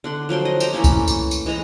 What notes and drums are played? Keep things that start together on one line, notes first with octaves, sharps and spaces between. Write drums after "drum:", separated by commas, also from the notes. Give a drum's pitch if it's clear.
D3 F#5 C6
F3 F#3 G5 C6
D#5
G4 C5 A#5, drum: tambourine
E3 A3 A#3 C#4
drum: kick C2, tambourine
drum: tambourine
drum: tambourine
E3 G#3 D#5 A#5